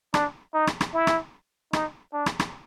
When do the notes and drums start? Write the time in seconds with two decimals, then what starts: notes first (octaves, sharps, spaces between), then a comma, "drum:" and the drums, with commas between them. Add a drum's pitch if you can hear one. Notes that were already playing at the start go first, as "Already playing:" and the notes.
0.14 D4, drum: rim click
0.54 D#4
0.67 drum: rim click
0.81 drum: rim click
0.94 E4
1.07 drum: rim click
1.73 D#4, drum: rim click
2.13 D4
2.26 drum: rim click
2.39 drum: rim click